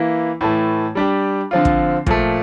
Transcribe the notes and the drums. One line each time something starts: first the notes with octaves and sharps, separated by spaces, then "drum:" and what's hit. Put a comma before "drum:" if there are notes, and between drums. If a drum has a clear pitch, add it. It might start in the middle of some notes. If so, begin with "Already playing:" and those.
Already playing: E3 A#3 E4
A2 E3 A3
G3 D4 G4
D3 F3 C4 F4
drum: kick
A#2 F3 A3, drum: kick